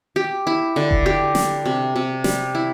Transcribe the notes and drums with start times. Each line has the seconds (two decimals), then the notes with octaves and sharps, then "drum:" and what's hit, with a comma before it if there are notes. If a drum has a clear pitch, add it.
0.16 G4
0.47 E4
0.76 D3
0.91 drum: kick F1
1.06 G4
1.35 G3, drum: snare
1.66 C3
1.96 C3
2.24 G3, drum: snare
2.55 E4